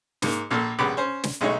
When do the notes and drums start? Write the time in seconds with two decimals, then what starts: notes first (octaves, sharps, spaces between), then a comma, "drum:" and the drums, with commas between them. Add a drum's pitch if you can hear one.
0.22 G#2 A#3, drum: snare
0.51 A#1 A#2 A#3 A4
0.79 A#1 C#3 G3 B3 B5 D6
0.97 C#4 C5
1.24 drum: snare
1.41 B1 G#3 A3 D#4 C#5